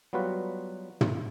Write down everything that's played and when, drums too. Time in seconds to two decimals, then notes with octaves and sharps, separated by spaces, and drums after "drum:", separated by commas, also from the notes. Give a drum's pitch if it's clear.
0.13 F#3 G3 B3 F4 F#4 B4
1.01 drum: tom